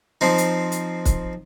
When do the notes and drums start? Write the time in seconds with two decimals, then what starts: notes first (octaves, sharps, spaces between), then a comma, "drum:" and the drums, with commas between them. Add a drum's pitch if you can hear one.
0.21 F3 C4 D#4
0.38 drum: hi-hat
0.72 drum: hi-hat
1.05 drum: kick, hi-hat